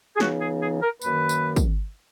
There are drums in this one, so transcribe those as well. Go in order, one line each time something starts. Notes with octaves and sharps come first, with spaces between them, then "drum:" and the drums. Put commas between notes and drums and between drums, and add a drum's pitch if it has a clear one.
G#4
C#2 C#3 E3 B3 D#4 F#4, drum: snare
G#4
G#4
A#4
F#2 D#3 A#3 B4, drum: tambourine
drum: tambourine
drum: kick, tambourine